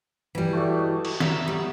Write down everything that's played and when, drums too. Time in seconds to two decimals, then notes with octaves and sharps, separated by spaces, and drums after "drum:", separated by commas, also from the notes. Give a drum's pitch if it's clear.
0.35 E3 G3
0.53 A3 F#4 D5
0.79 D#5
1.05 drum: cymbal
1.20 E5 A#5, drum: snare
1.48 G3 B3 F#5